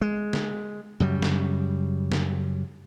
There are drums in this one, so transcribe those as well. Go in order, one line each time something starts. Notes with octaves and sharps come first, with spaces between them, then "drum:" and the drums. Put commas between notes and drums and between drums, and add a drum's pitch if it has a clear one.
G#3
drum: snare
F#2 C#3 G3
drum: snare
drum: snare